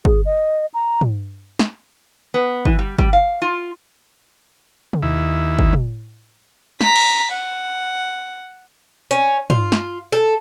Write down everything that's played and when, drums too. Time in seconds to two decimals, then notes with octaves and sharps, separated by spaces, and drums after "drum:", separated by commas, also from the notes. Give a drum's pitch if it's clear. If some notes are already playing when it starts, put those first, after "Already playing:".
0.05 G#4, drum: kick
0.25 D#5
0.74 A#5
1.01 drum: tom
1.59 drum: snare
2.34 B3
2.65 E3, drum: kick
2.79 G3
2.99 G3, drum: kick
3.13 F5
3.42 F4
4.93 drum: tom
5.03 D#2 E4
5.59 drum: kick
5.73 drum: tom
6.81 A#5 B6, drum: snare
6.96 drum: cymbal
7.32 F#5
9.11 C#4, drum: hi-hat
9.50 F4, drum: tom
9.72 drum: snare
10.12 A4